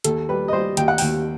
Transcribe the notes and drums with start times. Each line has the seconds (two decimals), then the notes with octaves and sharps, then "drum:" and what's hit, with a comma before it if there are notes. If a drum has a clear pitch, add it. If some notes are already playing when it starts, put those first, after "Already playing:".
0.04 D#2 A4, drum: hi-hat
0.29 G3 B4
0.48 D#5
0.53 G3 C5
0.77 D#2 G5, drum: hi-hat
0.88 F#5
0.98 D#2 G5, drum: open hi-hat